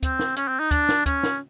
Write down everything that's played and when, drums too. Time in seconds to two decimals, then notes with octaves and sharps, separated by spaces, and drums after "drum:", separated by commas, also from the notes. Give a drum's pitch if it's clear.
0.03 C4, drum: kick, hi-hat
0.19 drum: snare
0.36 C#4, drum: hi-hat
0.48 C4
0.60 D#4
0.71 D4, drum: kick, hi-hat
0.89 drum: snare
1.06 C#4, drum: kick, hi-hat
1.23 drum: snare